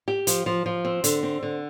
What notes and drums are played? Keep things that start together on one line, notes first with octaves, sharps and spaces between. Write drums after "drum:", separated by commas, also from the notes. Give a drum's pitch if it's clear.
G4
F3, drum: hi-hat
F3
F3
C4
D3, drum: hi-hat
C4
D3